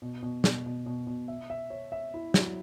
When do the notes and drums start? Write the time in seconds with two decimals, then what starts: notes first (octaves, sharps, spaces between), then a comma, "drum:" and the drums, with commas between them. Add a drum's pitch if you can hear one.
0.02 B2
0.23 B2
0.44 B2, drum: snare
0.66 B2
0.86 B2
1.07 B2
1.28 E5
1.50 E5
1.70 C#5
1.92 E5
2.14 E4
2.34 F#3, drum: snare